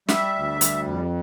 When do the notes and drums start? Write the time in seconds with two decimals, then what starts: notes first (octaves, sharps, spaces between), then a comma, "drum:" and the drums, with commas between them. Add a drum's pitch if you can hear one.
0.09 G3 E5, drum: snare
0.35 D2
0.61 G3, drum: hi-hat
0.86 F2